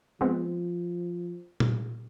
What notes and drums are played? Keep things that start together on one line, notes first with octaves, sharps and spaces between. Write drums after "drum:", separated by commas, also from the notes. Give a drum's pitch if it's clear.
F3 G#3 B3 C4
drum: tom A#2